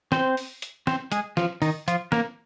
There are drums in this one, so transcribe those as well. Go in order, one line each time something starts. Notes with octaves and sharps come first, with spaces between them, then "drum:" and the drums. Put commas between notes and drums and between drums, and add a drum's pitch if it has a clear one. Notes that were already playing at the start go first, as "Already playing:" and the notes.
C4 C5, drum: snare
drum: open hi-hat
drum: hi-hat
C4 C5, drum: snare
G#3 G#4, drum: hi-hat
F3 F4, drum: snare
D#3 D#4, drum: open hi-hat
F3 F4, drum: hi-hat
A#3 A#4, drum: snare